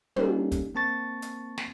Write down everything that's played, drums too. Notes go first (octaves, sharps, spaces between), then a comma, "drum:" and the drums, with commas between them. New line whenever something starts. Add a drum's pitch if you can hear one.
G3 A#3 C#4 D#4 G4 A4, drum: tom
drum: kick, hi-hat
A#3 C4 A5 C#6 A6
drum: hi-hat
drum: snare